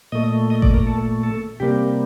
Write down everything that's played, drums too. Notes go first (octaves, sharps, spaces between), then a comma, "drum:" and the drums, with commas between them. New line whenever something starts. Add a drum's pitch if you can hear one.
A#2 A3 D#5
D#5
D5, drum: kick G#1
A#4
A4
A4
C3 G3 A#3 G4